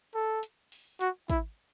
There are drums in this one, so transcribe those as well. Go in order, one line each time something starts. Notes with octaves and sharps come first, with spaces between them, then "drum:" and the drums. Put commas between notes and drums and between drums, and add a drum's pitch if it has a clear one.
A4
drum: hi-hat
drum: open hi-hat
F#4, drum: hi-hat
E4, drum: kick, hi-hat